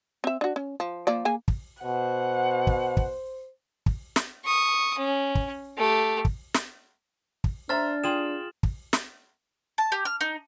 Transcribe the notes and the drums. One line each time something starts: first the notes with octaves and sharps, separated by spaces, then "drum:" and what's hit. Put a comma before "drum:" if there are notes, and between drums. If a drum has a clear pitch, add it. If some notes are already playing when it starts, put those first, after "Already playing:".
C4 E5
D4 F#4
C#4
F3
F3 A#3 D5
A#3 G#4 G#5
drum: kick
B2 C5 F#5
drum: kick
drum: kick
drum: kick
drum: snare
C#6 D#6
C#4
drum: kick
A3 G4
drum: kick
drum: snare
drum: kick
D4 C5 E5 A#5 F6 A6
F4 G#4 G5 E7 F#7
drum: kick
drum: snare
A5
G4
F6
D#4